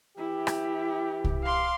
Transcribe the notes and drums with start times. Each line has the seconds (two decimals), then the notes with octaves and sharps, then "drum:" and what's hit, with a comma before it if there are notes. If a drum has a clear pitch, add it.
0.17 E3 E4 G4
0.47 drum: rim click
1.24 drum: kick C2
1.44 F5 C6 D6